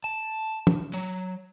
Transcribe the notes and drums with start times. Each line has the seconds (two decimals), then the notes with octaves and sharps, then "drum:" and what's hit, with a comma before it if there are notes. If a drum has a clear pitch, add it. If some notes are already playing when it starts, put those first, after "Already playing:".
0.04 A5
0.67 drum: tom
0.93 F#3